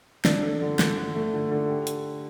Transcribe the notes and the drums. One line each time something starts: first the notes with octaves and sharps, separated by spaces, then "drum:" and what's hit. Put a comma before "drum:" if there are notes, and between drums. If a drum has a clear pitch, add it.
D4, drum: snare
A4
D3
A4, drum: snare
D3
A3
D3
D3
G4
drum: hi-hat